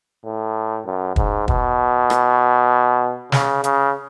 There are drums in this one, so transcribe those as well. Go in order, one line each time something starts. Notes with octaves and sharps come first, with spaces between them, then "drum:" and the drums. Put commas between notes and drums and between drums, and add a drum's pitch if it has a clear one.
A2
F#2
G#2, drum: kick
B2, drum: kick
drum: rim click
C#3, drum: snare
C#3, drum: hi-hat